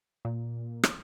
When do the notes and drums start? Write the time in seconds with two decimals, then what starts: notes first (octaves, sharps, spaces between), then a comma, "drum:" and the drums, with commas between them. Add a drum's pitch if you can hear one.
0.25 A#2
0.83 drum: rim click